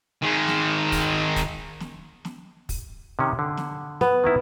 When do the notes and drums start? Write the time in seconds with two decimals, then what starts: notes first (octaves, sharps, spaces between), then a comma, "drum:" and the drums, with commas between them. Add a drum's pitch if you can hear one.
0.23 D#3 G#3
0.48 drum: snare
0.92 drum: kick, open hi-hat
1.36 drum: kick, hi-hat
1.80 drum: snare
2.25 drum: snare
2.69 drum: kick, open hi-hat
3.19 C3 D#3 C#4
3.39 D3
3.57 drum: snare
4.01 B3, drum: snare
4.24 D#3 A#3 E4